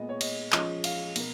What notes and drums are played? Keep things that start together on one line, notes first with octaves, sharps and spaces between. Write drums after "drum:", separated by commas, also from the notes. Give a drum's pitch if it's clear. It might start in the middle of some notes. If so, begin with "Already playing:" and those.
Already playing: A#2 G#3 B3 D#5
C#5
D#5, drum: cymbal
F3 G#3 C#4 D#5, drum: clap
F5, drum: cymbal
B2 A#3, drum: cymbal